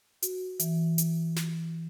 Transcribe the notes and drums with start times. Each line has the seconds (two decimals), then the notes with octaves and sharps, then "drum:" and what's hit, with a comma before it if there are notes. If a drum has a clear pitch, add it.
0.22 F#4, drum: hi-hat
0.60 E3, drum: hi-hat
0.98 drum: hi-hat
1.36 drum: snare